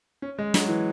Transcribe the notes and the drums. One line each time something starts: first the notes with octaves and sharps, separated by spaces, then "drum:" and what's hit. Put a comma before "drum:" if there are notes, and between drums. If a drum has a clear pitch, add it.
C#4
G#3
F#3, drum: snare
E3